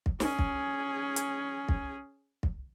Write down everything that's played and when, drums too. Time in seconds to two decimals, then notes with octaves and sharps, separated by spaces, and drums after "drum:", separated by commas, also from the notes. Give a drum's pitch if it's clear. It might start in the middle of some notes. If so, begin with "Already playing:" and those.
0.06 drum: kick
0.20 C#4 G#4, drum: snare
0.39 drum: kick
1.16 drum: hi-hat
1.69 drum: kick
2.43 drum: kick